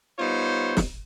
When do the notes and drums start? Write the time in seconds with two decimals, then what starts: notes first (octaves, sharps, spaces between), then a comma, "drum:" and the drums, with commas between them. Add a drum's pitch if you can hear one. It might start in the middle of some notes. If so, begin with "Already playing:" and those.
0.19 G3 B3 D#4 F4 C5 C#5
0.77 drum: snare